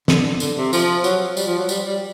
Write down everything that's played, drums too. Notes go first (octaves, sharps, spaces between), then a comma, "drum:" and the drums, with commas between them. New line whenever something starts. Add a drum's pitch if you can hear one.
D3, drum: snare
D3, drum: tambourine
C3
F3, drum: tambourine
F#3, drum: tambourine
G3, drum: tambourine
F3
F#3
G3, drum: tambourine
G3